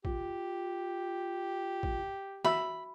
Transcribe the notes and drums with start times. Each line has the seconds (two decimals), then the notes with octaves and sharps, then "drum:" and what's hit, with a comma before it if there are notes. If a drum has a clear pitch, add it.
0.05 F4 G4, drum: kick
1.83 drum: kick
2.45 F#4 E5 B5, drum: snare